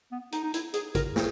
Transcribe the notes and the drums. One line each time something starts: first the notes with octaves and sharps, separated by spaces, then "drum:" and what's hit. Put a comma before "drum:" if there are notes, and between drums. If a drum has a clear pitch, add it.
B3
D#4, drum: hi-hat
D#4
E4, drum: hi-hat
G#4, drum: hi-hat
A#4, drum: kick A1, hi-hat
G#4, drum: snare